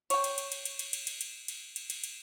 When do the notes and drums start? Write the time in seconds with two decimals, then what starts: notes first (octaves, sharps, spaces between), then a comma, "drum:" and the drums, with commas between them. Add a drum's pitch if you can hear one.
0.10 C#5 G5, drum: cymbal
0.24 drum: cymbal
0.38 drum: cymbal
0.52 drum: cymbal
0.65 drum: cymbal
0.79 drum: cymbal
0.93 drum: cymbal
1.07 drum: cymbal
1.21 drum: cymbal
1.48 drum: cymbal
1.76 drum: cymbal
1.90 drum: cymbal
2.04 drum: cymbal